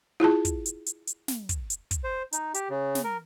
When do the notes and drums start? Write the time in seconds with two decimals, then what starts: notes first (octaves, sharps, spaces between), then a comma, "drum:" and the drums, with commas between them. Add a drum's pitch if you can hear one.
0.20 E4 F4 G#4 A5
0.45 drum: kick, hi-hat
0.66 drum: hi-hat
0.86 drum: hi-hat
1.07 drum: hi-hat
1.28 drum: snare
1.49 drum: kick, hi-hat
1.70 drum: hi-hat
1.91 drum: kick, hi-hat
2.04 C5
2.33 D#4, drum: hi-hat
2.54 G4, drum: hi-hat
2.70 C#3
2.95 drum: snare
3.04 A#4